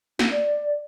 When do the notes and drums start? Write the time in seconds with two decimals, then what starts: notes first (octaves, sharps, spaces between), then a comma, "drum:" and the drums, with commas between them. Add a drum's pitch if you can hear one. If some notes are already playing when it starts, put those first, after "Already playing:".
0.19 C#4, drum: snare
0.31 D5